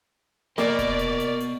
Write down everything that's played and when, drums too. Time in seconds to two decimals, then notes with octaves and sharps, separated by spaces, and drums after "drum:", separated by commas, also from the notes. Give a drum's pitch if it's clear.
0.58 A#3 B3 D5 D#5, drum: snare
0.79 drum: kick E1, hi-hat
0.99 drum: hi-hat
1.20 drum: hi-hat
1.40 drum: hi-hat